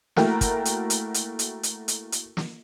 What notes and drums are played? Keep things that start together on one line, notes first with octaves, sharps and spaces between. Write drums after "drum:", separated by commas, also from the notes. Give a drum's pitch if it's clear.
A3 A#3 E4 F#4 A#4 G5, drum: snare
drum: kick, hi-hat
drum: hi-hat
drum: hi-hat
drum: hi-hat
drum: hi-hat
drum: hi-hat
drum: hi-hat
drum: hi-hat
drum: snare